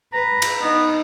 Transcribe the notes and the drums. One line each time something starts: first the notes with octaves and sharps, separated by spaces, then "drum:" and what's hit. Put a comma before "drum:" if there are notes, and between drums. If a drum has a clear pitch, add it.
B4 A#5
drum: cymbal
B3 D#4